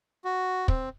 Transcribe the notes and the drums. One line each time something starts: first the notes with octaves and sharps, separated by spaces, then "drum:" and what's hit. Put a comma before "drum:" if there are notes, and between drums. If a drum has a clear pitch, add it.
F#4
C4, drum: kick